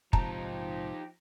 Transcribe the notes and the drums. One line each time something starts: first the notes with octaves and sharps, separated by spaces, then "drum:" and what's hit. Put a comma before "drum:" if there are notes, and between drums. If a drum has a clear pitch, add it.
A#1 G#2 C3 F3 D#4 G4 A5 A#5, drum: kick